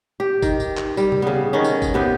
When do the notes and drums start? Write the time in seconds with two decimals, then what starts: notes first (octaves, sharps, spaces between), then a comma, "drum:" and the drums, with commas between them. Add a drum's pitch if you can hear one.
0.20 G4
0.42 D#3, drum: kick, tambourine
0.60 drum: tambourine
0.77 drum: clap
0.97 G3, drum: tambourine
1.12 drum: tom C3
1.22 C#3 B3
1.53 D#3 B3 C#4
1.64 drum: tambourine
1.82 drum: kick, tambourine
1.94 C3 B3 G4